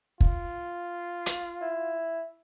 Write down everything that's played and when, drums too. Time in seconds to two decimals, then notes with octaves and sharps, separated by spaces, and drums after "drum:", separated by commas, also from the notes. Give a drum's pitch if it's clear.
0.21 F4, drum: kick
1.26 drum: hi-hat
1.61 E4